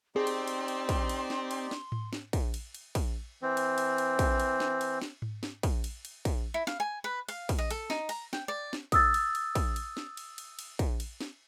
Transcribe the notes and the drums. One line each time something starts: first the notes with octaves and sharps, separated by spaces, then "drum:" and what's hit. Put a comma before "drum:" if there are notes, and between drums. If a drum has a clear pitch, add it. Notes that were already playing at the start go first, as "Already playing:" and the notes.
C4 D#4 G4 G#4 D5 C6
drum: cymbal
drum: cymbal
drum: cymbal
drum: kick, cymbal
drum: cymbal
drum: snare
drum: cymbal
drum: snare
drum: tom A2
drum: snare
drum: kick, cymbal
drum: cymbal
drum: cymbal
drum: kick, cymbal
E3 C4
drum: cymbal
drum: cymbal
drum: cymbal
drum: kick, cymbal
drum: cymbal
drum: snare
drum: cymbal
drum: snare
drum: tom G#2
drum: snare
drum: kick, cymbal
drum: cymbal
drum: cymbal
drum: kick, cymbal
E4
F5, drum: snare
G#5
B4
F5, drum: cymbal
drum: kick, cymbal
D#5
A4, drum: cymbal
D#4, drum: snare
A#5, drum: cymbal
G5, drum: snare
D5
drum: snare
D#6 E6 A6, drum: kick, cymbal
drum: cymbal
drum: cymbal
drum: kick, cymbal
drum: cymbal
drum: snare
drum: cymbal
drum: cymbal
drum: cymbal
drum: kick, cymbal
drum: cymbal
drum: snare